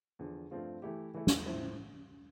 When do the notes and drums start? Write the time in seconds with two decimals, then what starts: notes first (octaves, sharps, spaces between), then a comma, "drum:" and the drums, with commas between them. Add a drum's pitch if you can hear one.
0.19 E2 D3 F3
0.51 G2 F3 A3 C4 F4
0.82 E3 A3 E4 G4
1.14 E3 A3 E4
1.27 drum: snare
1.46 A2 F3 C4 E4